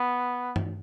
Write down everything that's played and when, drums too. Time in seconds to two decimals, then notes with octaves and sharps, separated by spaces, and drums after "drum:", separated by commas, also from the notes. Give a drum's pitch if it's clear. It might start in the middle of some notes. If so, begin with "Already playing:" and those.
Already playing: B3
0.56 drum: tom